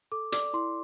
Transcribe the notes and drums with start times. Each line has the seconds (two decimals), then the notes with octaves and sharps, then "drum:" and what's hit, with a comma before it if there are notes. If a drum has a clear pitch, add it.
0.12 A4 D6
0.32 D5 D6, drum: hi-hat
0.53 E4 C6